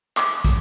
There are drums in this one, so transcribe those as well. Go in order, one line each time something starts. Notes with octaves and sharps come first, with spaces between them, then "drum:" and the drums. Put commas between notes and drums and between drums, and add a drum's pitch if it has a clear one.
D6, drum: clap
drum: kick, hi-hat